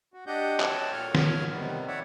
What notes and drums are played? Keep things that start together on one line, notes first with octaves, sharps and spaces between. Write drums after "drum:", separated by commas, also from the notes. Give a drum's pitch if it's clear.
F#4
D4 G4 D#5 F#5 G6
F#4 A4 C#5 G5 A5, drum: clap
A#2 C#5 F6
drum: snare
C3 D#3 G3 B3
C#5 D5 E5 F#5